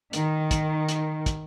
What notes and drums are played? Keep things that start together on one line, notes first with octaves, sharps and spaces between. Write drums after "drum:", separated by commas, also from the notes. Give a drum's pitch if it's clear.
D#3, drum: hi-hat
drum: kick, hi-hat
drum: hi-hat
drum: kick, hi-hat